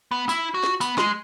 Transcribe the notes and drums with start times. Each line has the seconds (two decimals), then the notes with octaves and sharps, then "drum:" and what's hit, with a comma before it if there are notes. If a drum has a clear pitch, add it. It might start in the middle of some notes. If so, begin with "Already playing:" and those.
0.11 B3
0.29 E4, drum: tambourine
0.54 F#4
0.63 drum: snare
0.81 B3, drum: tambourine
0.98 G#3, drum: snare